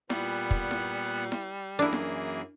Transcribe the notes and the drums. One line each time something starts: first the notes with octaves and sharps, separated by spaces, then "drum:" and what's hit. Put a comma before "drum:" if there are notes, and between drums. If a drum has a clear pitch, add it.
A#2 G3 B3 F#5, drum: snare E4
drum: kick
drum: snare E4
drum: snare E4
F#2 E3 A#3 D4 E4 G#4
drum: snare E4